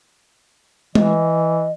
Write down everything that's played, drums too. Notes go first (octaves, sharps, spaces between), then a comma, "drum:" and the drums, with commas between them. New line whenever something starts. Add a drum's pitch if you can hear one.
E3 D#5, drum: tom G#3